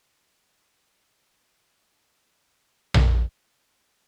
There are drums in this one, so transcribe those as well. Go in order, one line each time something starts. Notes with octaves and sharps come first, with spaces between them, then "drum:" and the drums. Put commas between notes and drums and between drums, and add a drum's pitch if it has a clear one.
C#4 G#4 C5 D#5
drum: tom A#1